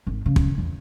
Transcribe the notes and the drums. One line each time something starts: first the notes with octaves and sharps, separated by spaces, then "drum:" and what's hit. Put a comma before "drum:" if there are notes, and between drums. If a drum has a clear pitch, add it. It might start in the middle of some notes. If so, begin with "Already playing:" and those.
G#1
C#3
drum: kick
E2